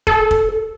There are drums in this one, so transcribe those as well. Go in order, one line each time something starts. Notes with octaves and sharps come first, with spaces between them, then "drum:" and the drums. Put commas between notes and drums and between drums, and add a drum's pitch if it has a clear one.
A4, drum: kick
drum: kick